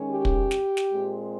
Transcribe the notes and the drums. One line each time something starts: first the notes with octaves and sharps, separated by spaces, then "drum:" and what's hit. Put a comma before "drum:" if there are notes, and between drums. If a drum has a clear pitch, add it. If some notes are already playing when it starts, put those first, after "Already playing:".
Already playing: D#3 G#3 C#4
G4
drum: kick
drum: snare
drum: snare
A#2 G#3 C4